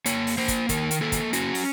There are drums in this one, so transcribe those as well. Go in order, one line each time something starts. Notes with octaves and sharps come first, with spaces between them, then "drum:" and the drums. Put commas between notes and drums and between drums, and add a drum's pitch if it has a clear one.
A#3 C#5, drum: hi-hat
drum: open hi-hat
A#3 C5
drum: kick, hi-hat
D#3 A#4, drum: kick, hi-hat
drum: hi-hat
A#3 A4
drum: kick, hi-hat
C#4 F#4, drum: hi-hat
drum: open hi-hat